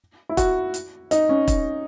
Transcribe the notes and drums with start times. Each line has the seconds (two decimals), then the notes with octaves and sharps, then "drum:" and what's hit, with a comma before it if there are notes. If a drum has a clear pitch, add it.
0.29 E4
0.37 F#4, drum: kick, hi-hat
0.74 drum: hi-hat
1.11 D#4, drum: hi-hat
1.29 C#4
1.48 drum: kick, hi-hat